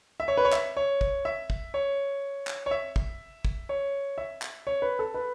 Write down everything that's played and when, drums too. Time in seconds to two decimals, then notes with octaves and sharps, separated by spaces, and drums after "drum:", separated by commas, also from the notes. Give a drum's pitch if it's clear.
0.20 E5
0.28 C#5
0.37 B4
0.45 C#5
0.52 E5, drum: clap
0.77 C#5
1.01 drum: kick
1.25 E5
1.50 drum: kick
1.74 C#5
2.47 drum: clap
2.66 C#5
2.71 E5
2.96 drum: kick
3.45 drum: kick
3.69 C#5
4.18 E5
4.42 drum: clap
4.67 C#5
4.82 B4
4.99 A4
5.14 B4